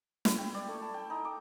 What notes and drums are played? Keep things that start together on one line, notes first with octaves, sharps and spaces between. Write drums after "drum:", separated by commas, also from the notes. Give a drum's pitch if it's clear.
E4, drum: snare
G5
D5
A3
A5
G5
D#4
D6